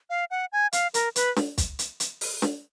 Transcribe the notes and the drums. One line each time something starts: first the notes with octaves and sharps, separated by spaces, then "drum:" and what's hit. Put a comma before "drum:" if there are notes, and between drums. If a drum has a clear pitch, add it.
F5
F#5
G#5
F5, drum: hi-hat
A#4, drum: hi-hat
B4, drum: hi-hat
drum: snare
drum: kick, hi-hat
drum: hi-hat
drum: hi-hat
drum: open hi-hat
drum: snare